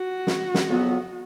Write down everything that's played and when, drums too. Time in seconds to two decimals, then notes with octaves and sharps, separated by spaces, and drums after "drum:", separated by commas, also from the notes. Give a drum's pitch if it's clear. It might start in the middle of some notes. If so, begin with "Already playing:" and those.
Already playing: F#4
0.27 drum: snare
0.54 drum: snare
0.68 F2 C#3 F#3 B3